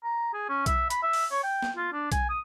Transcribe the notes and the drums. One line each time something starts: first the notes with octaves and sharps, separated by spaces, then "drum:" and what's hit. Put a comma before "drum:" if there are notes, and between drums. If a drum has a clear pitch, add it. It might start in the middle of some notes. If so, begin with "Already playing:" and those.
A#5
G#4
C#4
E5, drum: kick B1, hi-hat
B5, drum: hi-hat
E5
drum: open hi-hat
C#5
G5
drum: snare
F4
D4
G#5, drum: kick B1, hi-hat
D#6